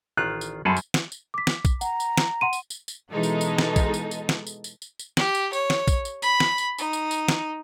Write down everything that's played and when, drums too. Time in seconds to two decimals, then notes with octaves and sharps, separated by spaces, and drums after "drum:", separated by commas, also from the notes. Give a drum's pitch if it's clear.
0.17 A1 D#3 F4 F#6
0.41 drum: tambourine
0.65 F#2 G#4 A4 F#5 A5 B5 C6
0.77 drum: tambourine
0.94 drum: snare
1.12 drum: tambourine
1.34 D6 B6
1.47 drum: snare
1.65 drum: kick, tambourine
1.81 F#5 A#5, drum: tambourine
2.00 drum: tambourine
2.18 drum: snare
2.41 F#5 C6 D#7
2.53 drum: tambourine
2.70 drum: tambourine
2.88 drum: tambourine
3.12 B2 E3 G#3 D#4 A4
3.23 drum: tambourine
3.41 drum: tambourine
3.58 drum: snare
3.76 drum: kick, tambourine
3.94 drum: tambourine
4.11 drum: tambourine
4.29 drum: snare
4.47 drum: tambourine
4.64 drum: tambourine
4.82 drum: tambourine
4.99 drum: tambourine
5.17 G4, drum: snare
5.35 drum: tambourine
5.53 C#5, drum: tambourine
5.70 drum: snare
5.88 drum: kick, tambourine
6.05 drum: tambourine
6.22 B5, drum: tambourine
6.40 drum: snare
6.58 drum: tambourine
6.78 D#4, drum: tambourine
6.93 drum: tambourine
7.11 drum: tambourine
7.28 drum: snare